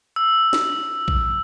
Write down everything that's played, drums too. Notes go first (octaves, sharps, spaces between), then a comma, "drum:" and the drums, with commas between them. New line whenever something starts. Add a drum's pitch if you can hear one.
E6
drum: snare
drum: kick A#1